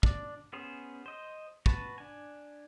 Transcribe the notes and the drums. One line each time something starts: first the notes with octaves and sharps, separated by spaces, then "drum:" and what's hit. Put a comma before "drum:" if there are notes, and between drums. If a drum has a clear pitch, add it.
D4 D5, drum: kick
B3 C#4 G#4 C5
C5 D#5
F#4 B4 A5, drum: kick
D4 G#5